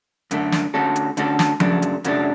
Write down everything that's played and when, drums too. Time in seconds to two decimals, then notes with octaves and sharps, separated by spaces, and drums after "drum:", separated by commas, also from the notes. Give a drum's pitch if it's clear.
0.31 F#2 D3 A3, drum: hi-hat
0.52 drum: snare
0.74 D3 A3 C#4 F#4 A4
0.96 drum: hi-hat
1.17 D3 A3 C#4 F#4 A4, drum: hi-hat
1.39 drum: snare
1.60 F#2 C#3 F#3 A3 D4, drum: tom F3
1.82 drum: hi-hat
2.04 F#2 C#3 F#3 A3 D4, drum: hi-hat